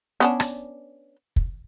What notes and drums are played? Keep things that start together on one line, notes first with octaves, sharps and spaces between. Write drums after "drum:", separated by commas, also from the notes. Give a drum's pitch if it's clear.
B3 C#4 D4
drum: rim click
drum: kick